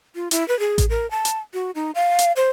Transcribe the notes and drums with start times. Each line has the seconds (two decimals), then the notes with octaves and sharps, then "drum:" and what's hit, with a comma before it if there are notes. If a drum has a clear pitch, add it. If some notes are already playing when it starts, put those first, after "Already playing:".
0.15 F4
0.31 E4, drum: hi-hat
0.48 B4
0.59 G#4
0.78 drum: kick A1, hi-hat
0.90 A#4
1.11 A5
1.25 drum: hi-hat
1.54 F#4
1.75 D#4
1.95 F5
2.19 drum: hi-hat
2.36 C5